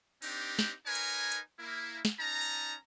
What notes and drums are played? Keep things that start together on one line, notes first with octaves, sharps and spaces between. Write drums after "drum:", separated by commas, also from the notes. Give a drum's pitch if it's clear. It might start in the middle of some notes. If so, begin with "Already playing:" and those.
C4 D4 D#4 G4, drum: open hi-hat
drum: snare
D#4 A#4 B4 C#5 G#5
drum: hi-hat
drum: hi-hat
A#3 E4
drum: snare
C#4 D#4 A5 A#5
drum: open hi-hat